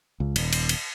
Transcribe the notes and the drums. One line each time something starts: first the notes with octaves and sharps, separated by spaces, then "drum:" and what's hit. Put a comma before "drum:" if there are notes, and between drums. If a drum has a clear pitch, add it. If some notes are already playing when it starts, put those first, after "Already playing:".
C#2
D#1, drum: cymbal
drum: cymbal
drum: cymbal